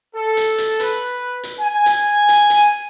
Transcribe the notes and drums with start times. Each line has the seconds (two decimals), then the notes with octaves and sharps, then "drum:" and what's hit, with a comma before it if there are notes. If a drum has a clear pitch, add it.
0.14 A4
0.37 drum: hi-hat
0.58 drum: hi-hat
0.80 B4, drum: hi-hat
1.44 drum: hi-hat
1.59 G#5
1.86 drum: hi-hat
2.29 drum: hi-hat
2.50 drum: hi-hat